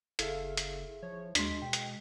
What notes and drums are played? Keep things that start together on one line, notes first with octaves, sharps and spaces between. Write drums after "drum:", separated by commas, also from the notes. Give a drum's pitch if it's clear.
F#1 E4 G#4 A4 E5 F5, drum: hi-hat
drum: hi-hat
F3 C#5
D#2 G#3 D4 F#4 C6 B6, drum: hi-hat
B2 G5
drum: hi-hat